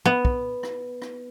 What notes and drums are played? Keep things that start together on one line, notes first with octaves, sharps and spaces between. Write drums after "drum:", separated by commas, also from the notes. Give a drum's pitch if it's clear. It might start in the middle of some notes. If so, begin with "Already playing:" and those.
B3
drum: kick
drum: rim click
drum: rim click